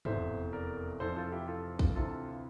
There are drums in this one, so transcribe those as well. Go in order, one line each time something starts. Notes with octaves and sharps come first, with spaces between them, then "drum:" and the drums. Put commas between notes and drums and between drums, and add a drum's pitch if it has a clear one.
F1 E2 E3 C5 E5, drum: tom G2
A#4 D5
F1 F2 E3 A4 C5
F4 A4
E4 G4
F4 A4
drum: kick
D2 C3 E3 F4 A4